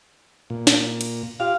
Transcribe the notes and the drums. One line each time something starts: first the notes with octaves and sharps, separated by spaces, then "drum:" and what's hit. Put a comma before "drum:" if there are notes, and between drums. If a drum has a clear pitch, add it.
A#2
drum: snare
drum: cymbal
F4 G4 F5